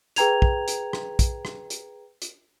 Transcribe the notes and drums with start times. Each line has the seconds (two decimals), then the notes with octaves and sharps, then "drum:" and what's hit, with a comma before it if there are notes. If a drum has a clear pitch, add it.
0.16 G#4 B4 G5 A#5 G#6 F7, drum: hi-hat
0.42 drum: kick
0.68 drum: hi-hat
0.93 drum: rim click
1.19 drum: kick, hi-hat
1.45 drum: rim click
1.70 drum: hi-hat
2.22 drum: hi-hat